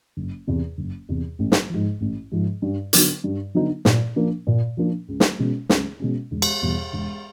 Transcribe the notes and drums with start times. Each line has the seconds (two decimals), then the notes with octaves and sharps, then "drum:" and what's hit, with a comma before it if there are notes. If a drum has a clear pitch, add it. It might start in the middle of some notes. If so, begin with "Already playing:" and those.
0.17 F#1
0.47 E2 C3
0.78 F#1
1.09 E2 C3
1.39 A1
1.52 drum: snare
1.70 G#2 F3
2.01 A1
2.32 G#2 F3
2.62 G2
2.93 D3 F#3 B3 D#4, drum: hi-hat
3.24 G2
3.55 D3 F#3 B3 D#4
3.85 A#2, drum: snare
4.16 F3 A#3 D4
4.47 A#2
4.77 F3 A#3 D4
5.08 C#2
5.20 drum: snare
5.39 B2 G#3 C#4
5.69 C#2, drum: snare
6.00 B2 G#3 C#4
6.31 E1
6.42 drum: cymbal
6.62 E2 B2 G3
6.93 E1